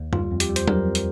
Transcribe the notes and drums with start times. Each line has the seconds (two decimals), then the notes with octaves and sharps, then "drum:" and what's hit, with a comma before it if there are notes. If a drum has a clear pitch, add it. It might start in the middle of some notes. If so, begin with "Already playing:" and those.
Already playing: D#2
0.13 G3 F4, drum: tom F#2
0.31 F2
0.40 G4, drum: hi-hat
0.49 G3
0.56 C5, drum: hi-hat
0.68 G3 A#4, drum: tom F#3
0.85 F2
0.95 drum: hi-hat